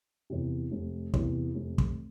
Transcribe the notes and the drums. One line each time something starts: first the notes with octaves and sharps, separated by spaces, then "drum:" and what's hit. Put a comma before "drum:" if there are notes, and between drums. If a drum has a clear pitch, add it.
E2 C3
F1
E2 C3, drum: kick
F1
drum: kick